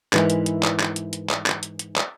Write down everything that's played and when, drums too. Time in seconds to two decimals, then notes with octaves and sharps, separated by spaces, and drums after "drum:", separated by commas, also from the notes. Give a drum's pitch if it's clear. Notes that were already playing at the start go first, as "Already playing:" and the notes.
0.13 G#2 E3 G#3 E4 A#4 B4, drum: clap
0.30 drum: hi-hat
0.46 drum: hi-hat
0.63 drum: clap
0.80 drum: clap
0.96 drum: hi-hat
1.13 drum: hi-hat
1.29 drum: clap
1.46 drum: clap
1.63 drum: hi-hat
1.79 drum: hi-hat
1.96 drum: clap